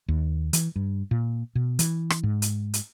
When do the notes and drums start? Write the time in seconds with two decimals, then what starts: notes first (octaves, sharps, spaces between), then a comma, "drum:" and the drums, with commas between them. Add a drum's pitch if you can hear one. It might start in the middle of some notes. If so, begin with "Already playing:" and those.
0.08 D#2
0.53 E3, drum: hi-hat
0.76 G2
1.11 A#2
1.55 B2
1.79 E3, drum: hi-hat
2.10 drum: rim click
2.23 G#2
2.42 drum: hi-hat
2.74 drum: hi-hat